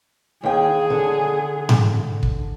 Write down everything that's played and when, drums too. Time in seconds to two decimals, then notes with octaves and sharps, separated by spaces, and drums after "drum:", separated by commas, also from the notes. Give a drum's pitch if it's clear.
0.43 D#2 G#4 G5
0.90 D3
1.69 drum: tom G#2
2.23 drum: kick